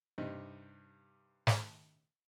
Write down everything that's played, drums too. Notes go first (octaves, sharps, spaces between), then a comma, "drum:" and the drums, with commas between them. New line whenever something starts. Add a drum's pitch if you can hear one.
G2 C3 D#4
drum: snare